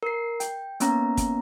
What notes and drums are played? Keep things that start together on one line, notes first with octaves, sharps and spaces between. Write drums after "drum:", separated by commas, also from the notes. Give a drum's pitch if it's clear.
A#4 C7
G5, drum: hi-hat
A#3 B3 C#4 A#5, drum: hi-hat
drum: kick, hi-hat